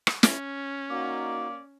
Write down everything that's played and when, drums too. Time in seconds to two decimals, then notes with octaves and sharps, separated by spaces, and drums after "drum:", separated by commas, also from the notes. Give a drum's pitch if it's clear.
0.07 drum: rim click
0.23 C#4, drum: snare
0.90 A#3 D#4 F#4 D5 F5